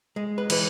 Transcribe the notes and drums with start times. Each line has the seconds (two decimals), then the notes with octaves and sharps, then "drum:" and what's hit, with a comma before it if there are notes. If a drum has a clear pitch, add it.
0.16 G#3
0.38 B4
0.50 E3 B4, drum: cymbal